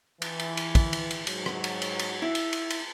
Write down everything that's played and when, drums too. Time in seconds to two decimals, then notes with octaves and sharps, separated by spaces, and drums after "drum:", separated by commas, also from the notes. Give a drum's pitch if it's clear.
0.22 E3, drum: cymbal
0.40 drum: cymbal
0.57 drum: cymbal
0.75 drum: kick, cymbal
0.93 drum: cymbal
1.11 drum: cymbal
1.27 G#2 F#3, drum: cymbal
1.46 drum: rim click
1.64 drum: cymbal
1.82 drum: cymbal
1.99 drum: cymbal
2.22 E4
2.35 drum: cymbal
2.53 drum: cymbal
2.70 drum: cymbal